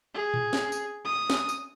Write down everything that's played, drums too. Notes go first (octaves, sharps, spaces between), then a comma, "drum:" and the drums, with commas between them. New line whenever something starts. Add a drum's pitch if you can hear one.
G#4
drum: tom A2
drum: snare
drum: tambourine
D#6
drum: snare
drum: tambourine